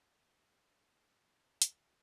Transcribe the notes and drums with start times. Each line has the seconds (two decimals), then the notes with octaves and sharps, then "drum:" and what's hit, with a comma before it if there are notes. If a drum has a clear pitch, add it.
0.28 F3
0.94 C#3
1.28 C3
1.62 B2, drum: hi-hat